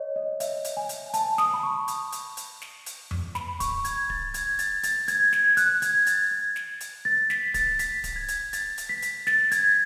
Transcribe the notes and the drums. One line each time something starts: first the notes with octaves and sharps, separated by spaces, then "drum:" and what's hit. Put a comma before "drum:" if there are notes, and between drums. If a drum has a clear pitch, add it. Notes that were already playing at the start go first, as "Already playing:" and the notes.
Already playing: C#5 D#5
D#5
E5, drum: hi-hat
drum: hi-hat
G#5
drum: hi-hat
A5, drum: hi-hat
D#6, drum: snare
B5
C#6
drum: hi-hat
drum: hi-hat
drum: hi-hat
drum: snare
drum: hi-hat
drum: tom F2
B5, drum: snare
C#6, drum: kick D1, hi-hat
G#6, drum: hi-hat
A6, drum: kick D1
G#6, drum: hi-hat
A6, drum: hi-hat
A6, drum: hi-hat
G#6, drum: hi-hat
G#6, drum: snare
F#6, drum: hi-hat
G#6, drum: hi-hat
A6, drum: hi-hat
G#6
drum: snare
drum: hi-hat
A6
B6, drum: snare
A6, drum: kick D1, hi-hat
B6, drum: hi-hat
drum: kick D1, hi-hat
G#6
drum: hi-hat
A6, drum: hi-hat
drum: hi-hat
B6
drum: hi-hat
A6, drum: snare
G#6, drum: hi-hat